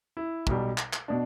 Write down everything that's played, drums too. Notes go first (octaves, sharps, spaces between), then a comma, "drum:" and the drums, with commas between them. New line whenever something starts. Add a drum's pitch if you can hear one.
E4
B1 B2 G3, drum: kick
drum: clap
drum: clap
B2 D4